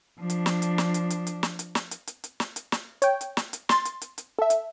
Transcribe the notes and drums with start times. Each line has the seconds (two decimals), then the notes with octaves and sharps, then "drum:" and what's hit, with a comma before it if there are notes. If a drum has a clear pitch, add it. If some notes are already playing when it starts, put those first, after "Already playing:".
0.20 F3 D4
0.30 drum: hi-hat
0.46 drum: snare
0.62 drum: hi-hat
0.78 drum: snare
0.94 drum: hi-hat
1.10 drum: hi-hat
1.27 drum: hi-hat
1.43 drum: snare
1.59 drum: hi-hat
1.75 drum: snare
1.91 drum: hi-hat
2.07 drum: hi-hat
2.24 drum: hi-hat
2.40 drum: snare
2.56 drum: hi-hat
2.72 drum: snare
3.02 C#5 G5, drum: hi-hat
3.21 drum: hi-hat
3.37 drum: snare
3.53 drum: hi-hat
3.69 C6 A6, drum: snare
3.85 drum: hi-hat
4.02 drum: hi-hat
4.18 drum: hi-hat
4.39 A4 E5
4.50 drum: hi-hat